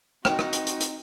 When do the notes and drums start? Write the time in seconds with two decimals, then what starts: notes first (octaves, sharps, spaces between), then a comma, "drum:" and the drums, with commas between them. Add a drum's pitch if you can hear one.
0.25 C4 D#4 F#4 G5, drum: rim click
0.39 drum: rim click
0.53 drum: hi-hat
0.67 drum: hi-hat
0.80 drum: hi-hat